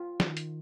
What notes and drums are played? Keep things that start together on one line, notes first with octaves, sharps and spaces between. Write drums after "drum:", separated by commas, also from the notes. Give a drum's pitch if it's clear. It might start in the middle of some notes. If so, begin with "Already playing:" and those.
Already playing: F4
D#3, drum: snare
drum: hi-hat